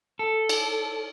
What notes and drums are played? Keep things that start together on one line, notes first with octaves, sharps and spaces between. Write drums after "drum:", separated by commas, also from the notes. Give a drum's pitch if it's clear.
A4
drum: cymbal